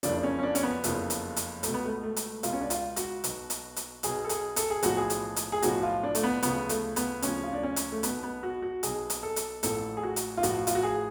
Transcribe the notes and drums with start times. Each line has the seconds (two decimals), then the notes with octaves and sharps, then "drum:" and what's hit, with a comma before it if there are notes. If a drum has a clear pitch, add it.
0.03 F#1 F2 C#3 F3 D4, drum: hi-hat
0.16 D4
0.23 C#4
0.39 C#4
0.43 D4
0.55 C#4, drum: hi-hat
0.63 B3
0.84 F#1 F2 C#3 F3, drum: hi-hat
1.10 drum: hi-hat
1.36 drum: hi-hat
1.63 C#2 B2 A3, drum: hi-hat
1.74 B3
1.85 A3
2.03 A3
2.16 drum: hi-hat
2.43 C#2 B2 F4, drum: hi-hat
2.53 C#4
2.61 D4
2.70 F4, drum: hi-hat
2.96 F#4, drum: hi-hat
3.24 B1 B2, drum: hi-hat
3.50 drum: hi-hat
3.76 drum: hi-hat
4.03 B1 B2 G#4, drum: hi-hat
4.24 A4
4.29 G#4, drum: hi-hat
4.56 A4, drum: hi-hat
4.70 G#4
4.83 B1 A2 F3 F#4, drum: hi-hat
4.97 G#4
5.10 drum: hi-hat
5.36 drum: hi-hat
5.52 G#4
5.62 B1 A2 F3 F#4, drum: hi-hat
5.83 F4
6.04 D4
6.15 A3, drum: hi-hat
6.23 B3
6.43 D2 C#3 F3 B3, drum: hi-hat
6.69 A3, drum: hi-hat
6.96 B3, drum: hi-hat
7.22 D2 C#3 F3 C#4, drum: hi-hat
7.43 F4
7.53 D4
7.63 C#4
7.76 drum: hi-hat
7.92 A3
8.03 B1 B2 B3, drum: hi-hat
8.23 B3
8.43 F#4
8.62 F#4
8.83 B1 B2 G#4, drum: hi-hat
9.10 drum: hi-hat
9.23 A4
9.36 drum: hi-hat
9.63 A1 A2 F3 A4, drum: hi-hat
9.97 G#4
10.03 F#4
10.16 drum: hi-hat
10.37 F4
10.43 A1 A2 F3 F#4, drum: hi-hat
10.67 F4, drum: hi-hat
10.75 F#4
10.83 G#4